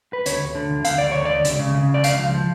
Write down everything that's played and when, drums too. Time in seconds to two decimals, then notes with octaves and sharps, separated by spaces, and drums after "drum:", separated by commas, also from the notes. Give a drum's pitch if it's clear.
0.13 B4
0.26 D2 C#5, drum: hi-hat
0.40 D2
0.55 D3
0.70 D2
0.85 D2 F5, drum: hi-hat
0.98 D2 D5
1.12 D2 C#5
1.25 D2 D5
1.45 C#2, drum: hi-hat
1.59 C#3
1.75 C#3
1.89 C#2
1.94 D5
2.04 C#2 F5, drum: hi-hat
2.18 F3
2.34 F3